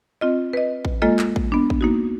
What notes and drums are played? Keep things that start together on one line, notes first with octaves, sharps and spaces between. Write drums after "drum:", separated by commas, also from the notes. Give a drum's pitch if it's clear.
C4 F4 D#5
B4 D#5
drum: kick A1
G#3 A#3 F4 A4 D#5
drum: clap
drum: kick A1
B3 D4
drum: kick A1
A#3 D#4 F#4